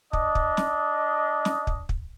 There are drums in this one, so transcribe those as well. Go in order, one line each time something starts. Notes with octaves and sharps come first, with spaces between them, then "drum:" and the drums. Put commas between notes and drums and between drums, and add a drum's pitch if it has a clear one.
D4 D#5, drum: kick
drum: kick
drum: snare
drum: snare
drum: kick
drum: kick